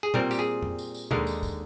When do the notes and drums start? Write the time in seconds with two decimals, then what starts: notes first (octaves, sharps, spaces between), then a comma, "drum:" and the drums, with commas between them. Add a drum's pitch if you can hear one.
0.03 G#4
0.14 A#2 G3 C4 A#4, drum: tom
0.31 G4, drum: tambourine
0.39 G#4
0.63 drum: tom
0.79 drum: tambourine
0.95 drum: tambourine
1.11 D#2 D3 G#3 D#4 A#4, drum: tom
1.27 drum: tambourine
1.43 drum: kick, tambourine